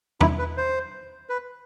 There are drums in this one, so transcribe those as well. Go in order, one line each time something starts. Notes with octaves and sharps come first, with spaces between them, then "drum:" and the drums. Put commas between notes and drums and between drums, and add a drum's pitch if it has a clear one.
E4, drum: tom E2
B4
C5
B4